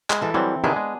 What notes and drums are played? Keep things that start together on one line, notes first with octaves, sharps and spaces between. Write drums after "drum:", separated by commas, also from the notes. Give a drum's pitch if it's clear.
G#3, drum: clap
E3 A4
E3 F#3 G3 C4
C3 D#3 B3 D4 E4 G#4
G#3